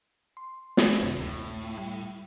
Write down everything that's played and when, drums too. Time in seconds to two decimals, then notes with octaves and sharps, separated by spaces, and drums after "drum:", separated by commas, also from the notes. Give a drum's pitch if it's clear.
0.37 C6
0.77 drum: snare
1.02 F#2 C3 D#3
1.20 D2 A2
1.77 G3